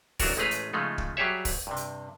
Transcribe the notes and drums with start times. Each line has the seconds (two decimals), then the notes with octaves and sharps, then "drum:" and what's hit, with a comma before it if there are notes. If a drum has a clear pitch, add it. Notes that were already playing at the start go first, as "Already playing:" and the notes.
0.20 A1 F#3 D4 F#4 A#4, drum: kick, open hi-hat
0.37 A1 G#3 A3 G#4 B4 A#5
0.51 drum: hi-hat
0.73 C#3 F3 G#3 A3 D#4
0.98 drum: kick
1.17 F#3 G3 G4 G#4 C#5 E5
1.45 drum: kick, open hi-hat
1.67 G2 C3
1.76 drum: hi-hat